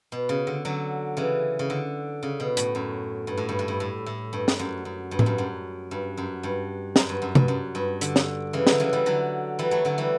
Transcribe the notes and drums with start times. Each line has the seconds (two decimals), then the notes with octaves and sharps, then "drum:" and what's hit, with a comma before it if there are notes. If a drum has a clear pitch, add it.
0.12 B2
0.29 C#3
0.47 D3
0.65 D3 F#3
1.17 C#3 E3
1.59 C#3
1.70 D3
2.23 C#3
2.40 B2
2.57 A2, drum: hi-hat
2.75 F#2
3.27 G2
3.38 A2
3.49 G2
3.59 A2
3.68 G2
3.80 A2
4.06 A2
4.33 G2
4.48 drum: snare
4.59 F#2
4.85 F#2
5.11 G2
5.19 F#2, drum: tom A2
5.26 G2
5.38 F#2
5.91 G2
6.17 F#2
6.43 G2
6.96 F#2, drum: snare
7.09 G2
7.22 F#2
7.35 G2, drum: tom C3
7.48 F#2
7.75 G2
8.01 D3, drum: hi-hat
8.16 drum: snare
8.53 C#3 E3
8.67 D3 F#3, drum: snare
8.80 C#3 E3
8.93 E3 G3
9.06 D3 F#3
9.59 E3 G3
9.71 F#3 A3
9.85 D3 F#3
9.98 E3 G3